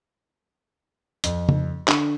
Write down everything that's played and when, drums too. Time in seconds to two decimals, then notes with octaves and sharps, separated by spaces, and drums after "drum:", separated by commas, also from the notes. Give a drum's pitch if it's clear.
1.24 F2, drum: hi-hat
1.49 drum: tom C#3
1.88 D3, drum: clap